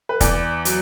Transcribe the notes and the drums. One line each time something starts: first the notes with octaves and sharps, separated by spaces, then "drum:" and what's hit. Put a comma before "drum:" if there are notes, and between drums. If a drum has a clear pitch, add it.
B4
E2 D5, drum: kick, hi-hat
F#3, drum: hi-hat